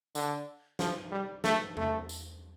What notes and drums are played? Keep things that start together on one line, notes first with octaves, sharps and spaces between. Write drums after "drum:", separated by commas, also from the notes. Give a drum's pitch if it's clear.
D3, drum: tambourine
F3, drum: snare
G3
A3, drum: snare
A3, drum: tom E2
drum: tambourine